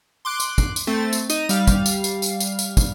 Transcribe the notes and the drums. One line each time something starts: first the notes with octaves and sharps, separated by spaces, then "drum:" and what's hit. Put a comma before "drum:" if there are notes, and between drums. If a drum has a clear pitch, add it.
C6 D6 F#6
drum: tambourine
drum: kick, tambourine
drum: tambourine
A3 C4 A6
drum: tambourine
D#4 D#7, drum: tambourine
G3 F5, drum: tambourine
drum: kick, tambourine
drum: tambourine
drum: tambourine
drum: tambourine
drum: tambourine
drum: tambourine
drum: kick, tambourine